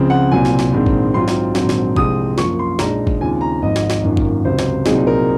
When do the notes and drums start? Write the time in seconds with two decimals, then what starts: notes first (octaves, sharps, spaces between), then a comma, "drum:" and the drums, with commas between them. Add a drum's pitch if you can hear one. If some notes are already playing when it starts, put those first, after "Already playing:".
Already playing: C#2 C#3 F3 C4
0.10 F#5
0.32 C2 A#2 F#3 C4 G#5
0.45 drum: snare
0.59 drum: snare
0.72 A#1 G#2 D#3 G#3 C4
0.86 drum: kick G#1
1.14 G#2 F#3 C4 F4 C6
1.28 drum: snare
1.55 A#1 G#2 D#3 F#3 C4, drum: snare
1.69 drum: snare
1.96 C2 C3 F3 G#3 C4 D#6, drum: kick G#1
2.38 F#2 F3 A#3 F4 C#6, drum: snare
2.59 C6
2.79 A#1 A#2 G#3 D#4 A#5, drum: snare
3.07 drum: kick G#1
3.20 D#2 C#3 G#3 C4 F4 G#5
3.41 A#5
3.62 G#1 G#2 F3 D#5
3.76 drum: snare
3.90 drum: snare
4.03 G#1 F#2 D#3 A#3 F4
4.17 drum: kick G#1
4.45 C#2 C3 F#3 C5
4.59 drum: snare
4.86 C2 A#2 F#3 C4 D#4 G#4, drum: snare
5.07 A#4